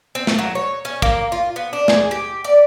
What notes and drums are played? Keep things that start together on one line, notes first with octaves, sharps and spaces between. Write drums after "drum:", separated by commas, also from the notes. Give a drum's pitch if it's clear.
C4
drum: snare
F#3
C#5
C#4
A#3, drum: kick
F4
B3
D4
G#4, drum: snare
G4
D5